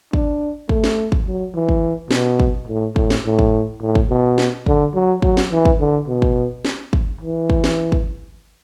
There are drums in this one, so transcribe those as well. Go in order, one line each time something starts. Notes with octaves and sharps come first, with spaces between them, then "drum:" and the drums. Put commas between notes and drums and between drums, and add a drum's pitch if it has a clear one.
D4, drum: kick
A3, drum: kick
drum: snare
drum: kick
F#3
E3
drum: kick
B2, drum: snare
drum: kick
A2
A2, drum: kick
drum: snare
A2
drum: kick
A2
drum: kick
B2
drum: snare
D3, drum: kick
F#3
F#3, drum: kick
drum: snare
E3
drum: kick
D3
B2
drum: kick
drum: snare
drum: kick
E3
drum: kick
drum: snare
drum: kick